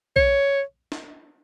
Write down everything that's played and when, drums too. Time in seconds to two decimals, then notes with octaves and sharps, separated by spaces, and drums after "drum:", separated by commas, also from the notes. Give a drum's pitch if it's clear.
0.16 C#5, drum: kick B1
0.92 drum: snare